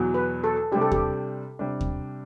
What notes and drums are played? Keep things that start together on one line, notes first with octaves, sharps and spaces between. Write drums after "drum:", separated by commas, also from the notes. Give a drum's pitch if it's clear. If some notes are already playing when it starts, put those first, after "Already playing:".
Already playing: E2 B2 F#3
B4
A4
C3 G3 D4 G4
A4
G4, drum: kick D#2
C3 G3 D4
drum: kick D#2